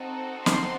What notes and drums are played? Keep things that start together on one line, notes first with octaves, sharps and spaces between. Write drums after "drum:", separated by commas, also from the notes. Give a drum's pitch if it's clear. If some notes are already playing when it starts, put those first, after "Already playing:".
Already playing: C4 D#4 F#4 A4
C6, drum: snare